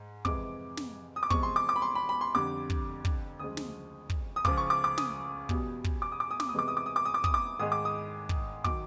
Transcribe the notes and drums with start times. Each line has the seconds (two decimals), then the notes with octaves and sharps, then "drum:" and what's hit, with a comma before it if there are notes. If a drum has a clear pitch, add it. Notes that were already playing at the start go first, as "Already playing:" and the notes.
Already playing: G#2
0.25 F2 C3 E3 G#3 D6, drum: kick
0.77 drum: snare
1.16 D#6
1.23 D6
1.30 E2 C3 F3 G#3 C#6, drum: kick
1.43 C6
1.56 D6
1.69 D6
1.76 B5
1.82 C6
1.95 B5
2.09 B5
2.21 C6
2.35 F2 D3 G3 D6
2.70 drum: kick
3.05 drum: kick
3.39 D2 C#3 F3 G#3 D#6
3.57 drum: snare
4.10 drum: kick
4.36 D#6
4.45 C#2 C#3 F3 D6, drum: kick
4.58 C#6
4.70 D6
4.84 D6
4.98 D#6, drum: snare
5.49 E2 B2 G3, drum: kick
5.84 drum: kick
6.02 D6
6.12 D#6
6.20 D6
6.31 D#6
6.40 D6, drum: snare
6.49 D#6
6.54 E2 C3 E3 G#3 D6
6.68 D#6
6.77 D6
6.86 D#6
6.96 D6
7.05 D#6
7.14 D6
7.24 D#6, drum: kick
7.34 D6
7.59 G#2 D#3 G#3 D#6
7.72 D6
7.85 D#6
8.29 drum: kick
8.64 D#3 F#3 D6, drum: kick